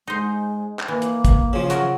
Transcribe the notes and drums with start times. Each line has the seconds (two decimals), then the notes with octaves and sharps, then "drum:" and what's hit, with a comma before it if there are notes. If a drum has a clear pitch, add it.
0.07 G#3 D#4 C5
0.79 drum: clap
0.88 E3 A#3
1.02 drum: hi-hat
1.25 drum: kick, hi-hat
1.53 C#3 F3
1.70 F#3 A#4, drum: hi-hat